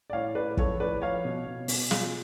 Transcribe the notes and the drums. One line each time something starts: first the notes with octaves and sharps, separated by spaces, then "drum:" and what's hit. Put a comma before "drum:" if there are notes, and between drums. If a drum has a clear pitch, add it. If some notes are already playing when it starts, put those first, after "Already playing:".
D5
A2 C#5 F5
A2 B4 D5
F3 A4 C#5, drum: kick
A2 B4 D5
F3 C#5 F5
B2
B2
B2, drum: open hi-hat
B2 F4 G#4, drum: snare